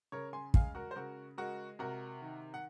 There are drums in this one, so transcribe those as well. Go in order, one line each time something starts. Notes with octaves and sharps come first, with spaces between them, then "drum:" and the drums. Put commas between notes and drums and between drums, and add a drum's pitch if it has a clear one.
C#3 A#4 C#5
G#5 C6
G#3 F5 G#5, drum: kick
F#4 A#4
C5
C#3 F#4 A#4
G#3 F#4 A#4
C3 F#4 A#4
D#3
F#5